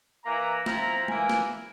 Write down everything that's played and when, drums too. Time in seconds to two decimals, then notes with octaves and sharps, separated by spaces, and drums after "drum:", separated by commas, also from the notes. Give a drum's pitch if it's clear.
0.25 E3 A#3 E4 A#5
0.66 F3 C4 E4 A#5, drum: snare
1.08 E3 A#3 E4 G#5, drum: tom G#3
1.30 drum: snare